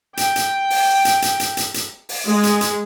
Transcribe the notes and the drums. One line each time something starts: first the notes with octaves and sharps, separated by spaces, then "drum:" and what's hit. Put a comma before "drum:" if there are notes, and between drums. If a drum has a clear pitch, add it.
G5, drum: hi-hat
drum: hi-hat
drum: open hi-hat
drum: hi-hat
drum: hi-hat
drum: hi-hat
drum: hi-hat
drum: hi-hat
drum: open hi-hat
G#3
drum: hi-hat
drum: hi-hat